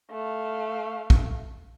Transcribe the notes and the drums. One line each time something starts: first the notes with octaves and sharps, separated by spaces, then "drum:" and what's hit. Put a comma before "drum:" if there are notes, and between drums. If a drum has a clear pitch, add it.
A3 F5
drum: kick